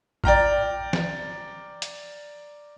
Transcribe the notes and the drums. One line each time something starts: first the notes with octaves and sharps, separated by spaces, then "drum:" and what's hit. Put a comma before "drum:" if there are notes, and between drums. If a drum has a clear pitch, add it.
D5 G5 A#5 F6, drum: kick
drum: snare
drum: hi-hat